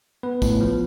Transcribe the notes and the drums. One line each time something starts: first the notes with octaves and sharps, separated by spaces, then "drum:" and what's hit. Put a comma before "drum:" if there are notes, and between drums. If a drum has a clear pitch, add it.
B3 B4
A2, drum: kick, tambourine
F3